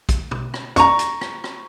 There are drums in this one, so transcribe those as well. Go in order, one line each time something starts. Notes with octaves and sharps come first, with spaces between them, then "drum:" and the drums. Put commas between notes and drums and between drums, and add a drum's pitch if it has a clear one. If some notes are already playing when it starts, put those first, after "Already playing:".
drum: kick A#1, hi-hat
drum: tom
drum: rim click
A#5 C#6, drum: hi-hat
drum: hi-hat
drum: rim click
drum: rim click